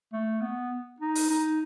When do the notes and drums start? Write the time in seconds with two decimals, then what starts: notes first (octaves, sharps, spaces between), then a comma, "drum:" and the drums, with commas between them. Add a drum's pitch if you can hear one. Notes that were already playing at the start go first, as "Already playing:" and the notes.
0.13 A3
0.41 B3
1.00 D#4
1.15 drum: open hi-hat
1.30 D#4